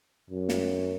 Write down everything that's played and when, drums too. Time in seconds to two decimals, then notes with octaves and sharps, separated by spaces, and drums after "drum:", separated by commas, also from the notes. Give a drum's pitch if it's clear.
0.30 F#2
0.49 drum: snare